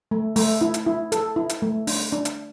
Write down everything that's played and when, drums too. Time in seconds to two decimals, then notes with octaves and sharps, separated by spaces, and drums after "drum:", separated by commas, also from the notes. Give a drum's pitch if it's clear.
0.11 A3
0.36 A3, drum: open hi-hat
0.61 E4
0.74 drum: hi-hat
0.86 E4
1.12 A4, drum: hi-hat
1.36 E4
1.49 drum: hi-hat
1.62 A3
1.87 D4, drum: open hi-hat
2.12 D4
2.25 drum: hi-hat